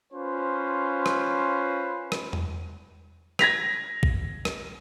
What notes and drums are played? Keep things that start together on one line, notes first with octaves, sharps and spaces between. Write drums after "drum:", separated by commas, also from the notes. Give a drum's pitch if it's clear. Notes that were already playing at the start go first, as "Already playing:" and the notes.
C#4 F4 B4 C5
drum: rim click
drum: rim click
drum: tom E2
G#6 A#6 B6 F7, drum: rim click
drum: kick A#1
drum: rim click